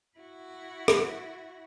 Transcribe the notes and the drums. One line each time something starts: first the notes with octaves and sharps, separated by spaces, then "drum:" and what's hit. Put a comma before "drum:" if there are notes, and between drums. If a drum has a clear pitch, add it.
E4 F#4
drum: rim click